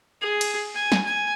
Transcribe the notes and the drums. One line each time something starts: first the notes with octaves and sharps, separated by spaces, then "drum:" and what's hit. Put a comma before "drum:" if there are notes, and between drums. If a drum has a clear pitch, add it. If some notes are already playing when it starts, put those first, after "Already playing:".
G#4
drum: cymbal
G#5
drum: snare
G#5